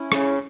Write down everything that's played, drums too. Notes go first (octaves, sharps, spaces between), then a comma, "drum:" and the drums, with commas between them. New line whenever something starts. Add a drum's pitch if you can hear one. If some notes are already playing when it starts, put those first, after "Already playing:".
Already playing: C#4 E4
C#3, drum: rim click